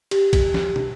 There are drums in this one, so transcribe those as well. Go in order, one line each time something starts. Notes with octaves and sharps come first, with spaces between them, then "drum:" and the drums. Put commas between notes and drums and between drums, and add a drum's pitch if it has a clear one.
G4, drum: cymbal
drum: kick, cymbal
drum: snare
drum: tom